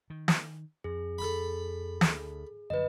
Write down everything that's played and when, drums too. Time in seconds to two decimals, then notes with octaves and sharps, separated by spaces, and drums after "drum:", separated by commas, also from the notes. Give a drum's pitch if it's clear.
0.10 D#3
0.28 drum: snare
0.84 F2 G#4
1.18 A4 B5
2.01 D2, drum: snare
2.70 F#2 D3 F3 B4 D#5